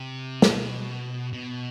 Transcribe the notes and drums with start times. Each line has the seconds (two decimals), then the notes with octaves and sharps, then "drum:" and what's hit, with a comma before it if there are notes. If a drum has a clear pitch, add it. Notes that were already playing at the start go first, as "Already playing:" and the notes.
Already playing: C3
0.42 B2, drum: snare
1.33 B2